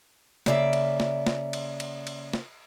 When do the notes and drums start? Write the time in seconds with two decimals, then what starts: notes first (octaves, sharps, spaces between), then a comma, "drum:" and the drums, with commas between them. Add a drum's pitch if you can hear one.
0.46 C#3 A#3 D5 E5, drum: snare
0.73 drum: cymbal
1.00 drum: snare
1.26 drum: snare
1.53 drum: cymbal
1.80 drum: cymbal
2.07 drum: cymbal
2.33 drum: snare